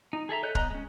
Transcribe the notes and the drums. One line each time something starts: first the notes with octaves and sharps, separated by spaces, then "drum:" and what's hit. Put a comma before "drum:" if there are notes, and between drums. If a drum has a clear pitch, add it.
D#4
G#4 A4 E5 A#5
A4 C#5 D#5 F#6 G6
B3 D#5 G#5 A#5 F#6, drum: kick
G#3 C#4